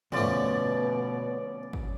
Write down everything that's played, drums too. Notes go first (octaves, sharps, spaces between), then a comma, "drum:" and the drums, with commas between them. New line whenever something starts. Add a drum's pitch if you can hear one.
B2 D3 F3 A3 B3 C#4 D5, drum: tom
drum: kick